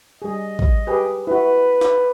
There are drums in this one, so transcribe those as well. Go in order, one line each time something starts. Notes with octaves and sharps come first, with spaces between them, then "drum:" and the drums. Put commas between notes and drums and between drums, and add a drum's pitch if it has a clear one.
G3 G#4 D#5
drum: kick A1
G4 G#4 B4
E4 F#4 B4
drum: snare